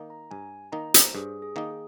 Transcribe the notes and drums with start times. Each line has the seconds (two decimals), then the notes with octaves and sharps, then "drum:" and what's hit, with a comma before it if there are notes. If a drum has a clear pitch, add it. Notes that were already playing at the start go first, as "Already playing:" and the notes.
Already playing: D#3 A#3 D#4
0.10 A#5
0.31 G2 G#5
0.72 D#3 A#3 D#4 A#5
0.94 C5, drum: hi-hat
1.15 G2 G#4
1.42 G#4
1.56 D#3 A#3 D#4
1.71 G#4